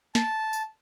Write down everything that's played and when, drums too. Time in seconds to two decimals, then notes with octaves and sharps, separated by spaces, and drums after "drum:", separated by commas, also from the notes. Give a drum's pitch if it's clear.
0.15 A5, drum: snare
0.53 drum: tambourine